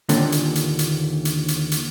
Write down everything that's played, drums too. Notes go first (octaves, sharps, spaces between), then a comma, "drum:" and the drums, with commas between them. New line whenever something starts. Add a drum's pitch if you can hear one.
D#2 A#2 D3, drum: hi-hat
drum: hi-hat
drum: hi-hat
drum: hi-hat
drum: hi-hat
drum: hi-hat
drum: hi-hat